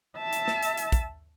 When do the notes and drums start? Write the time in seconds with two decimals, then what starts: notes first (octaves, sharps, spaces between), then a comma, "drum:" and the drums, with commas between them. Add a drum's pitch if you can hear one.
0.18 E5 A5
0.33 drum: hi-hat
0.48 drum: snare
0.63 drum: hi-hat
0.77 drum: hi-hat
0.92 drum: kick, hi-hat